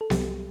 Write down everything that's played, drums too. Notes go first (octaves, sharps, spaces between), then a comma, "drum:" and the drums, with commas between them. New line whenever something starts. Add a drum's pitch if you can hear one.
A4
C2 C3 F#3 G3 G4, drum: snare B3